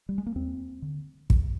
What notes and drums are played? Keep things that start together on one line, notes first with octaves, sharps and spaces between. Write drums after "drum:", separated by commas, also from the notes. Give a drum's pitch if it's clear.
G3
G#3
A#3
D#2 C4
D3
D#2, drum: kick